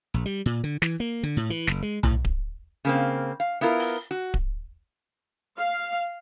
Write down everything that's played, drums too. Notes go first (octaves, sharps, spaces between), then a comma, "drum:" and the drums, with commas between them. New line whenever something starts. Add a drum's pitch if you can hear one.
A#1
G3
A#2
D3
E3, drum: snare
A#3
D3
A2
E3
F#1, drum: snare
G#3
A2, drum: tom B1
drum: kick D1
C#3 A#3 C4
F5
B3 E4 F4 A#4
drum: open hi-hat
F#4
drum: kick D1
F5